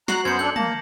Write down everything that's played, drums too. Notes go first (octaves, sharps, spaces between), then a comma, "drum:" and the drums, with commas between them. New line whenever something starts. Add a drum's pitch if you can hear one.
F#4 A#5 F#6 C7 F#7, drum: snare
F#2 B3 C5 G#6 C#7
D4 A4 G6 F#7
A#3 A5 A#6, drum: tom